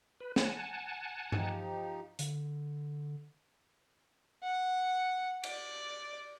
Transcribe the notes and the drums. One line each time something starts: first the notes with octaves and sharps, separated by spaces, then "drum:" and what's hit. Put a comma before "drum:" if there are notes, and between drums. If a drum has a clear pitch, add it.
B4
F#5 G#5 A5, drum: snare
F3 D#4 G4, drum: tom G2
D3, drum: hi-hat
F#5
D5, drum: cymbal